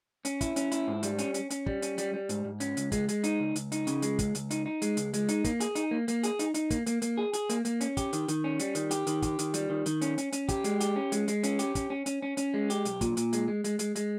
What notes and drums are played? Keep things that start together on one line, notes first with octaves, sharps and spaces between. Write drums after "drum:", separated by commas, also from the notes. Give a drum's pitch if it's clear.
C#4, drum: hi-hat
E4, drum: kick, hi-hat
C#4, drum: hi-hat
E4, drum: hi-hat
G#2
G3, drum: hi-hat
C#4, drum: hi-hat
C#4, drum: hi-hat
C#4, drum: hi-hat
G3, drum: kick
C#4, drum: hi-hat
G3, drum: hi-hat
G3
G#2, drum: hi-hat
G#2
C#4, drum: hi-hat
C#2, drum: hi-hat
G#3, drum: kick, hi-hat
G#3, drum: hi-hat
D#4, drum: hi-hat
C#2
C#2, drum: hi-hat
D#4, drum: hi-hat
C#3, drum: hi-hat
G#3, drum: hi-hat
C#2, drum: kick, hi-hat
C#2, drum: hi-hat
D#4, drum: hi-hat
D#4
G#3, drum: hi-hat
C#2, drum: hi-hat
G#3, drum: hi-hat
D#4, drum: hi-hat
A#3, drum: kick, hi-hat
G#4, drum: hi-hat
D#4, drum: hi-hat
A#3
A#3, drum: hi-hat
G#4, drum: hi-hat
D#4, drum: hi-hat
D#4, drum: hi-hat
A#3, drum: kick, hi-hat
A#3, drum: hi-hat
A#3, drum: hi-hat
G#4
G#4, drum: hi-hat
A#3, drum: hi-hat
A#3, drum: hi-hat
C#4, drum: hi-hat
G4, drum: kick, hi-hat
D#3, drum: hi-hat
D#3, drum: hi-hat
C#4
G3, drum: hi-hat
D#3, drum: hi-hat
G4, drum: hi-hat
D#3, drum: hi-hat
G4, drum: kick, hi-hat
D#3, drum: hi-hat
G3, drum: hi-hat
D#3
D#3, drum: hi-hat
C#4, drum: hi-hat
C#4, drum: hi-hat
C#4, drum: hi-hat
G4, drum: kick, hi-hat
G#3, drum: hi-hat
G4, drum: hi-hat
C#4
G#3, drum: hi-hat
G#3, drum: hi-hat
C#4, drum: hi-hat
G4, drum: hi-hat
C#4, drum: kick, hi-hat
C#4
C#4, drum: hi-hat
C#4
C#4, drum: hi-hat
G#3
G4, drum: hi-hat
B1, drum: hi-hat
A#2, drum: kick, hi-hat
A#2, drum: hi-hat
G#3, drum: hi-hat
G#3
G#3, drum: hi-hat
G#3, drum: hi-hat
G#3, drum: hi-hat